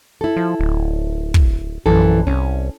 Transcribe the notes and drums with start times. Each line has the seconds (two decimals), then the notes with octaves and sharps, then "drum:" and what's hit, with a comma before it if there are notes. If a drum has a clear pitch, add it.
0.21 E4 A4
0.36 F3
0.59 D1
1.34 drum: kick
1.86 A#1 F#2 E3 A4
2.27 C2 C#4